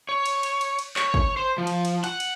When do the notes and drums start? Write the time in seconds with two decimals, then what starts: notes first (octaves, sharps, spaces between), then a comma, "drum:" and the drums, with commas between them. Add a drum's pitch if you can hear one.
0.09 C#5
0.26 drum: cymbal
0.43 drum: cymbal
0.61 drum: cymbal
0.79 drum: cymbal
0.96 C#5, drum: clap
1.14 drum: kick
1.37 C5
1.58 F3
1.67 drum: cymbal
1.85 drum: cymbal
2.04 F#5, drum: cymbal
2.20 drum: cymbal